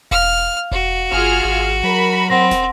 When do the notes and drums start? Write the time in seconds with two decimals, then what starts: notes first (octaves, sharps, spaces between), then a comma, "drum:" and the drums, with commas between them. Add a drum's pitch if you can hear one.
0.11 F5 F6, drum: kick E1
0.71 F#4, drum: kick E1
1.12 G1 F4 G#4 F6
1.44 G#1
1.83 F#3 A#4 B5
2.30 C4 F#5 C6 A#6
2.51 drum: snare